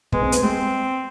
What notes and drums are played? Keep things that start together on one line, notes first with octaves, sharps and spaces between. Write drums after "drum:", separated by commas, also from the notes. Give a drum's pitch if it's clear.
G#3 B3, drum: kick
C4
B3, drum: hi-hat
G#3 C4